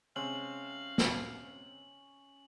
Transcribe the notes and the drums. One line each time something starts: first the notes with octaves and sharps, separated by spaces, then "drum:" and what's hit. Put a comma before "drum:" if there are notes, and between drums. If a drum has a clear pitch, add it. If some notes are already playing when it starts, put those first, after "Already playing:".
C3 G#3 C4 C#4 F5 F#7
drum: snare